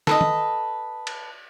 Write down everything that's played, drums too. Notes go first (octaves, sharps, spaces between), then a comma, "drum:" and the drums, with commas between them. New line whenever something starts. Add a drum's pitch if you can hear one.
A4 B4 D#5, drum: snare
drum: tom
drum: cymbal